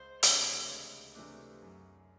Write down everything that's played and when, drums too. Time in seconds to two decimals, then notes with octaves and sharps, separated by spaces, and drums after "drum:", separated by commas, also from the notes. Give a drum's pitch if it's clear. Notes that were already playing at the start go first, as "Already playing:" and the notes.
Already playing: C#2 C5
0.23 C3 E3 A3 D4 C#5, drum: hi-hat
0.69 C#2
1.15 C3 E3 A3 D4
1.62 F#2